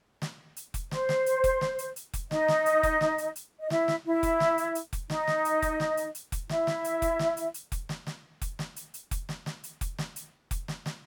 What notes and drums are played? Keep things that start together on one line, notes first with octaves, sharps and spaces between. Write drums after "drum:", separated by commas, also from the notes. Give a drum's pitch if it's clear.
drum: snare
drum: hi-hat
drum: kick F1, hi-hat
C5, drum: snare
drum: snare
drum: hi-hat
drum: kick F1, hi-hat
drum: snare
drum: hi-hat
drum: hi-hat
drum: kick F1, hi-hat
D#4 D#5, drum: snare
drum: snare
drum: hi-hat
drum: kick F1, hi-hat
drum: snare
drum: hi-hat
drum: hi-hat
D#5
E4 E5, drum: snare
drum: snare
E4 E5
drum: kick F1, hi-hat
drum: snare
drum: hi-hat
drum: hi-hat
drum: kick F1, hi-hat
D#4 D#5, drum: snare
drum: snare
drum: hi-hat
drum: kick F1, hi-hat
drum: snare
drum: hi-hat
drum: hi-hat
drum: kick F1, hi-hat
E4 E5, drum: snare
drum: snare
drum: hi-hat
drum: kick F1, hi-hat
drum: snare
drum: hi-hat
drum: hi-hat
drum: kick F1, hi-hat
drum: snare
drum: snare
drum: kick F1, hi-hat
drum: snare
drum: hi-hat
drum: hi-hat
drum: kick F1, hi-hat
drum: snare
drum: snare
drum: hi-hat
drum: kick F1, hi-hat
drum: snare
drum: hi-hat
drum: kick F1, hi-hat
drum: snare
drum: snare